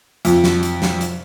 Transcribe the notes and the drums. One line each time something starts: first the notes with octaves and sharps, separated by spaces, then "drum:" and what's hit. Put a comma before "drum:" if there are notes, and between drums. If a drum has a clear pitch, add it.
F2, drum: hi-hat
drum: snare
drum: hi-hat
drum: snare
drum: hi-hat